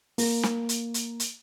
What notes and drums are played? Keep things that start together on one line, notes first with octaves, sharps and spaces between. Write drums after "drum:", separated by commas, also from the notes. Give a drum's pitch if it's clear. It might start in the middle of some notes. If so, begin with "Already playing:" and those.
A#3, drum: open hi-hat
drum: snare
drum: hi-hat
drum: hi-hat
drum: hi-hat